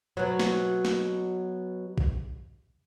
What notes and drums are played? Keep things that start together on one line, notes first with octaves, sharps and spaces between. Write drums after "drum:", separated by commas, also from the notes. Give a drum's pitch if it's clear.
B2 F#3
drum: snare
drum: snare
drum: kick